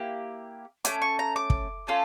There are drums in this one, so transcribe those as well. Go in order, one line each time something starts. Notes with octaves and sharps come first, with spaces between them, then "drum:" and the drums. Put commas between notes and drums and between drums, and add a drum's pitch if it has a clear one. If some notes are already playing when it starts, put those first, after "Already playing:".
Already playing: A#3 E4 G4
A3 C#4 D6, drum: hi-hat
C#6
A#5
D6
drum: kick
A3 C#4 F4 A4